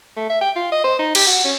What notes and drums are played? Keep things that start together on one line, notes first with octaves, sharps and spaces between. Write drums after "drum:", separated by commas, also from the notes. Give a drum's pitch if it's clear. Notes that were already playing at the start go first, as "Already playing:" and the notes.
A3
E5
G5
F4
D#5
C5
D#4
G4, drum: cymbal
F#4
C#4